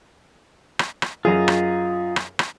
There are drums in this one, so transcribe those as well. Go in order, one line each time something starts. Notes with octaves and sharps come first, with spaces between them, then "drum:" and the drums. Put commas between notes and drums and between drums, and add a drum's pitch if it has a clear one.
drum: rim click
drum: rim click
F#2 F4 G#4 D#5 A#5
drum: rim click
drum: rim click
drum: rim click